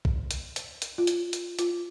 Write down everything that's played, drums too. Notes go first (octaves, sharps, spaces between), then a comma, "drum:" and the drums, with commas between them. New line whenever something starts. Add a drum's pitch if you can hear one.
drum: kick
drum: hi-hat
drum: hi-hat
drum: hi-hat
F4
drum: hi-hat
drum: hi-hat
F4, drum: hi-hat